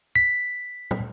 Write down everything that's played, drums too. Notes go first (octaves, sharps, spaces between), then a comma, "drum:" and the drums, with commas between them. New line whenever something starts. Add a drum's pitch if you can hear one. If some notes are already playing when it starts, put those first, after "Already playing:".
B6
drum: tom